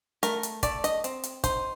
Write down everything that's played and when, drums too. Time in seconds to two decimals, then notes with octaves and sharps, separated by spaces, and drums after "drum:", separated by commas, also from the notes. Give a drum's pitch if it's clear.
0.23 A3 A#4, drum: hi-hat
0.43 drum: hi-hat
0.63 A3 D5, drum: kick, hi-hat
0.84 D#5, drum: hi-hat
1.04 C4, drum: hi-hat
1.23 drum: hi-hat
1.44 D#4 C5, drum: kick, hi-hat